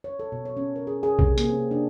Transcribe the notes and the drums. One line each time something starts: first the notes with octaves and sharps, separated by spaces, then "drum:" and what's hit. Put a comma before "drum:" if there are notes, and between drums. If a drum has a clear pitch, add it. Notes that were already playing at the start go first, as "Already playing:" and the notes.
C#5
A4
B2
C#5
C#4
A#4
G#4
G#4
C3, drum: kick B1
A#3, drum: hi-hat
C4
D4